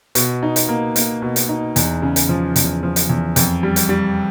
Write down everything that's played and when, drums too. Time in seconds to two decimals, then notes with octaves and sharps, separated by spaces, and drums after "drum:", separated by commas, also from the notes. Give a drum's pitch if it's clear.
0.15 B2, drum: hi-hat
0.43 D#4
0.56 drum: hi-hat
0.69 A#3
0.96 A#3, drum: hi-hat
1.22 B2
1.36 drum: hi-hat
1.49 D#4
1.76 E2, drum: hi-hat
2.02 C#3
2.16 drum: hi-hat
2.29 F3
2.56 E2, drum: hi-hat
2.83 F3
2.96 drum: hi-hat
3.10 E2
3.36 F2, drum: hi-hat
3.63 G3
3.76 drum: hi-hat
3.89 G3